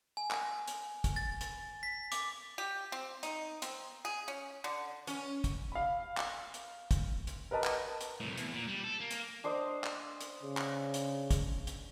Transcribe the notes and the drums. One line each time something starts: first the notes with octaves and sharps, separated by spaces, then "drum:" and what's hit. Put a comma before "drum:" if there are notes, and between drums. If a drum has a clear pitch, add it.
G#5
drum: clap
drum: hi-hat
drum: kick, hi-hat
A6
drum: hi-hat
B6
D6, drum: hi-hat
G4
C4
D#4, drum: hi-hat
C4, drum: hi-hat
G#4
C#4
D3
C#4, drum: hi-hat
drum: kick, hi-hat
F5 B5
drum: clap
drum: hi-hat
drum: kick, hi-hat
drum: hi-hat
A#4 B4 D#5 A5 B5
drum: clap
drum: hi-hat
C2 A2
E2, drum: hi-hat
A#2
G3
A4
A#3
drum: hi-hat
D4 C5 D#5
drum: clap
drum: hi-hat
C#3
drum: clap
drum: hi-hat
drum: kick, hi-hat
drum: hi-hat